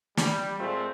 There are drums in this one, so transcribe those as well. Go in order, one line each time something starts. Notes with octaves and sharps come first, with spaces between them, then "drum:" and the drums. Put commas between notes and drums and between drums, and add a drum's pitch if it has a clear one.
G3, drum: snare
A#2 G#3 A3 C4 F4